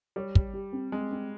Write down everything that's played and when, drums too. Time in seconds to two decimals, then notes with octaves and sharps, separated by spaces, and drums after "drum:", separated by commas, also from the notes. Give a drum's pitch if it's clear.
0.16 G3 C#5
0.35 G4, drum: kick
0.54 G4
0.73 C4
0.92 G#3 C4
1.12 C4